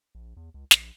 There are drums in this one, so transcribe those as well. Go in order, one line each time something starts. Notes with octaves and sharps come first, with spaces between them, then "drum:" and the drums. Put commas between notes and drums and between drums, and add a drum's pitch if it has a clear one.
A#1
E2
C#2
A#1, drum: snare